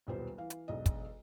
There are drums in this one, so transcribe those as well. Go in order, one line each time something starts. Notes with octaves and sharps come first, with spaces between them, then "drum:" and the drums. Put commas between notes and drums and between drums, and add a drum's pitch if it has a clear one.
D#1 B1 G3 B3 C5
E3 F5
drum: hi-hat
E1 B1 D#5
drum: kick, hi-hat